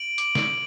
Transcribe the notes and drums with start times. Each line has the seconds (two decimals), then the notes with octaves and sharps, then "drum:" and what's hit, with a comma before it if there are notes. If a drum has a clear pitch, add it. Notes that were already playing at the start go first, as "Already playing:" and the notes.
Already playing: D7 F#7
0.18 D6, drum: hi-hat
0.35 drum: snare